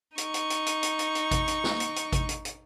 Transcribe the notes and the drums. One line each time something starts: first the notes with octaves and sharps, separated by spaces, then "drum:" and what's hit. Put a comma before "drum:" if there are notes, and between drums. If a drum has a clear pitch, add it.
D#4 C#6, drum: hi-hat
drum: hi-hat
drum: hi-hat
drum: hi-hat
drum: hi-hat
drum: hi-hat
drum: hi-hat
drum: kick G#1, hi-hat
drum: hi-hat
drum: snare
drum: hi-hat
drum: hi-hat
drum: kick G#1, hi-hat
drum: hi-hat
drum: hi-hat